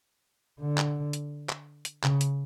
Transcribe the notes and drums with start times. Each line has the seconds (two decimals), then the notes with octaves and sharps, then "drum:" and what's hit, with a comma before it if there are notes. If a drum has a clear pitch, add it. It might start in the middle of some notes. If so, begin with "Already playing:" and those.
0.60 D3
0.78 drum: clap
1.13 drum: hi-hat
1.49 drum: clap
1.85 drum: hi-hat
2.03 C#3, drum: clap
2.21 drum: hi-hat